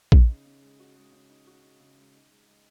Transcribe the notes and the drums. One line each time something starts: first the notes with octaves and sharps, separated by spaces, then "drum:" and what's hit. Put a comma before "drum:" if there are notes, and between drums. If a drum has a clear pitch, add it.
D#4, drum: kick A#1
C#3
C#3
G#3
F#4
G#3
C#3
D#4
F#4
D#4
C#3
G#3
D#4
G#3
G#3